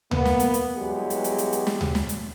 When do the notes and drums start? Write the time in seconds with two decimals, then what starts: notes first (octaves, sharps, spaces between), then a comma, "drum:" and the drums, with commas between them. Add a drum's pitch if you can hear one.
0.11 A#3 B3, drum: tom D2
0.25 drum: snare
0.40 drum: hi-hat
0.54 drum: hi-hat
0.76 E2 G2 F#3 G#3 G4 G#4
1.10 drum: hi-hat
1.24 drum: hi-hat
1.38 drum: hi-hat
1.52 drum: hi-hat
1.67 drum: snare
1.81 drum: tom D2
1.95 drum: snare
2.09 drum: hi-hat